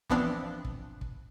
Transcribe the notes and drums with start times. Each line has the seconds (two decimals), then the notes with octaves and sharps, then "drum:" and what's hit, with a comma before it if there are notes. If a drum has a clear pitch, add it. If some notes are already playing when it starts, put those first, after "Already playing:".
0.10 E3 F3 B3 C4 D4, drum: kick
0.65 drum: kick
1.01 drum: kick